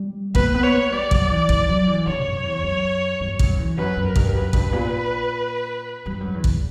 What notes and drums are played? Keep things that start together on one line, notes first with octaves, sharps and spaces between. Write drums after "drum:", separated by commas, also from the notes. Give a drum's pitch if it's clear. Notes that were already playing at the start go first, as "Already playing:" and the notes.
Already playing: G3
A#3 B4, drum: kick
B3
C#5
A#3
G3 D5
F#3, drum: kick
E3
E3, drum: kick
F#3
E3
D3 C#5
F#2
E2
F#2
G2
F#2, drum: kick
E2
F#2 B4
F#2
A#4
G2, drum: kick
F#2 B4
G2, drum: kick
A#2
G2
F#2
E2
drum: kick